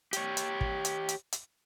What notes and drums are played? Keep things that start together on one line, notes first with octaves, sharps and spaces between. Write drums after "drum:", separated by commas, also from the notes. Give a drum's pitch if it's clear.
G4 C#5, drum: hi-hat
drum: hi-hat
drum: kick
drum: hi-hat
drum: hi-hat
drum: hi-hat